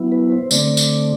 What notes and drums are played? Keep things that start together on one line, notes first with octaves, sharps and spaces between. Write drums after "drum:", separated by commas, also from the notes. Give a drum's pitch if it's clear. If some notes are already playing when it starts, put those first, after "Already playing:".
Already playing: F#3 B3 E4
B4
C5
D3 A3 C4 D5, drum: tambourine
drum: tambourine